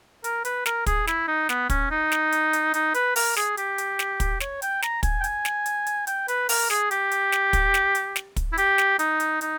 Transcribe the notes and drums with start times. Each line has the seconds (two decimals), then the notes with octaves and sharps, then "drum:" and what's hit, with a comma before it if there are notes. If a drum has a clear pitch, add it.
0.24 A#4, drum: hi-hat
0.45 B4, drum: hi-hat
0.66 A#4, drum: snare
0.86 G#4, drum: kick, hi-hat
1.07 E4, drum: snare
1.28 D#4
1.49 B3, drum: snare
1.70 C#4, drum: kick, hi-hat
1.91 D#4
2.12 drum: snare
2.32 drum: hi-hat
2.53 drum: hi-hat
2.74 D#4, drum: hi-hat
2.94 B4, drum: hi-hat
3.16 A#4, drum: open hi-hat
3.36 G#4, drum: snare
3.57 G4, drum: hi-hat
3.78 drum: hi-hat
3.99 drum: snare
4.20 drum: kick, hi-hat
4.40 C#5, drum: snare
4.62 G5, drum: hi-hat
4.82 A#5, drum: snare
5.03 G#5, drum: kick, hi-hat
5.20 G5
5.24 G#5, drum: hi-hat
5.45 drum: snare
5.66 drum: hi-hat
5.86 drum: hi-hat
6.07 G5, drum: hi-hat
6.28 B4, drum: hi-hat
6.49 A#4, drum: open hi-hat
6.70 G#4, drum: snare
6.91 G4, drum: hi-hat
7.11 drum: hi-hat
7.32 drum: snare
7.53 drum: kick, hi-hat
7.74 drum: snare
7.95 drum: hi-hat
8.16 drum: snare
8.36 drum: kick, hi-hat
8.52 E4
8.57 G4, drum: hi-hat
8.78 drum: snare
8.99 D#4, drum: hi-hat
9.20 drum: hi-hat
9.41 D#4, drum: hi-hat